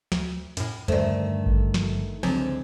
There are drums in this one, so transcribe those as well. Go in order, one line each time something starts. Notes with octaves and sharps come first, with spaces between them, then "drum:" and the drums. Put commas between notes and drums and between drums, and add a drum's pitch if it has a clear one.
D2, drum: snare
F#2 A2, drum: hi-hat
G2 D3 D#3 A3 C5 D5, drum: tom E2
drum: kick G#1
drum: snare
C#2 G#2 D3 F3 F#3 C4